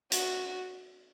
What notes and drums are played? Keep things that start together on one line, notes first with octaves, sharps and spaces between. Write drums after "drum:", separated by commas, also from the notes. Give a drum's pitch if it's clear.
F#4, drum: hi-hat